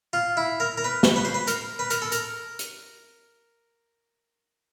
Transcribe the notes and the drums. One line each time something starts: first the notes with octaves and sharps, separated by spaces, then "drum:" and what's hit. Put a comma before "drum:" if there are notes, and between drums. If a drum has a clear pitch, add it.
F4
E4
A#4
A#4
B4
drum: snare
B4
C5
B4
A#4, drum: hi-hat
B4
A#4, drum: hi-hat
A4
A#4, drum: hi-hat
drum: hi-hat